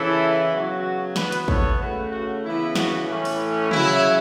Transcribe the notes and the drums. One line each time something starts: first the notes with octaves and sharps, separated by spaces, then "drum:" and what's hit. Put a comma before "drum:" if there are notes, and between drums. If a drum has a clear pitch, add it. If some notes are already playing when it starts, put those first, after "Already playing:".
Already playing: C#3 E3 C#4 E4 A4
C#3 F#3 B3 F#4
E3 B3 F#4 B4, drum: snare
drum: hi-hat
A4 C#5, drum: kick
C#3 A3 C#4 F#4 B4
F#4
C#3 E3 B3 E4
F#4, drum: snare
A2 E3 A3 C#4
drum: open hi-hat
C#3 F#3 C#4 E4, drum: tom